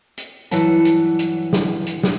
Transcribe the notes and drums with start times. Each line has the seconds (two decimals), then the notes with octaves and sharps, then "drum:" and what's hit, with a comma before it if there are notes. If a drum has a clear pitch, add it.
0.18 drum: hi-hat
0.51 G2 E3 F#3 F#5 A5, drum: hi-hat
0.85 drum: hi-hat
1.19 drum: hi-hat
1.53 drum: snare
1.87 drum: hi-hat
2.03 drum: snare